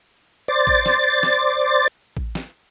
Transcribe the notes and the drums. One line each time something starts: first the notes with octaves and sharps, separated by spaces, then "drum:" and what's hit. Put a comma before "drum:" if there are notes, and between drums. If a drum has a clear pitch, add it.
C5 D5 A6
drum: kick A1
drum: snare
drum: snare
drum: kick A1
drum: snare